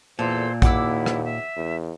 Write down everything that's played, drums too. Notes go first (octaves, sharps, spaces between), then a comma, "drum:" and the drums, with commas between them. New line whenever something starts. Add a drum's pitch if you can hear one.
E2 A#2 A4 C5
D#2 E4 F#5 D6 E6, drum: kick, hi-hat
drum: rim click
E5
E2